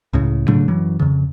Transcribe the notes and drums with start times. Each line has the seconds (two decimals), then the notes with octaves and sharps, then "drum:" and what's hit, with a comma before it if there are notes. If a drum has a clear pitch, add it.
0.13 C#2 A2 C#3
0.48 C#3 F#3 A3 D4, drum: tom G#2
0.68 F#2 E3 F#3
1.00 F2 C#3, drum: tom